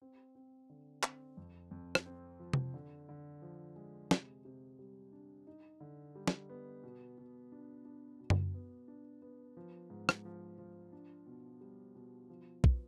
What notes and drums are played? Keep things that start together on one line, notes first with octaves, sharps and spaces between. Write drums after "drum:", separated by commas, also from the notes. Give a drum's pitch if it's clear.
C4
C4
D3
C4, drum: clap
F2
F2
drum: rim click
C4
F3
drum: tom C3
D3
D3
F3
G#3
C3, drum: snare
C3
G3
D4
D#4
D3
G3
drum: snare
B3
B2
B2
D4
D4
B2
drum: tom F#2
B3
D4
B3
F3
G#2
drum: rim click
F3
F3
D4
B2
G3
B2
F3
B3, drum: kick